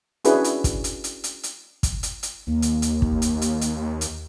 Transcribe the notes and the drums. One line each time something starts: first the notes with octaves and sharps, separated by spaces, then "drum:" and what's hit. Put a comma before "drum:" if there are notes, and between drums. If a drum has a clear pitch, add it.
C#4 D4 E4 F#4 G#4 B4, drum: hi-hat
drum: hi-hat
drum: kick, hi-hat
drum: hi-hat
drum: hi-hat
drum: hi-hat
drum: hi-hat
drum: kick, hi-hat
drum: hi-hat
drum: hi-hat
D#2 A#3
drum: hi-hat
drum: hi-hat
drum: kick
drum: hi-hat
drum: hi-hat
drum: hi-hat
drum: hi-hat